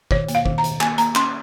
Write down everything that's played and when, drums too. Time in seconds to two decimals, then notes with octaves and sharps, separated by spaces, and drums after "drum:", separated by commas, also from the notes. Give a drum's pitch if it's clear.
0.11 D#3 C#5, drum: kick
0.28 A#3, drum: hi-hat
0.35 F5
0.46 D#3, drum: kick
0.58 A#5
0.64 D#3, drum: hi-hat
0.81 A#3 G#5, drum: clap
0.98 A#3 A#5, drum: hi-hat
1.15 C#4 C6, drum: clap